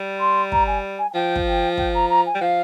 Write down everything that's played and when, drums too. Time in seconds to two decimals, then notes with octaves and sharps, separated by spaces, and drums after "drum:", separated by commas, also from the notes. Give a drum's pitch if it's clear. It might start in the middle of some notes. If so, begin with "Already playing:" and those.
Already playing: G3
0.19 C6
0.52 A#5, drum: kick
0.67 G#5
0.98 G#5
1.10 G#5
1.14 F3 G5
1.36 drum: kick
1.46 G5
1.77 G5, drum: kick
1.94 A#5
2.09 A#5
2.26 G#5
2.34 G3 G5
2.41 F3 F5